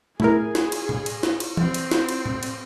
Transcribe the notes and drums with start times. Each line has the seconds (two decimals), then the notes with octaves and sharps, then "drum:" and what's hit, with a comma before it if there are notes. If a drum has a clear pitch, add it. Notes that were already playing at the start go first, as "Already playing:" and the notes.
0.20 A3 E4 G#4 A#4, drum: tom
0.55 drum: snare
0.72 drum: cymbal
0.89 drum: tom A2
1.06 drum: cymbal
1.23 drum: snare
1.40 drum: cymbal
1.57 C4, drum: tom E3
1.74 drum: cymbal
1.91 drum: snare
2.09 drum: cymbal
2.26 drum: tom A2
2.43 drum: cymbal